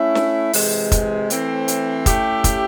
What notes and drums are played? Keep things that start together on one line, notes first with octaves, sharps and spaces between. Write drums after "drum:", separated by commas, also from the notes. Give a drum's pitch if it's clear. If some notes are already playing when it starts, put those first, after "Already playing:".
Already playing: A3 C#4 E4
drum: snare
C3 E3 G#3, drum: open hi-hat
drum: kick, hi-hat
E3 A3 C4, drum: hi-hat
drum: hi-hat
A3 C#4 E4 G4, drum: kick, hi-hat
drum: kick, hi-hat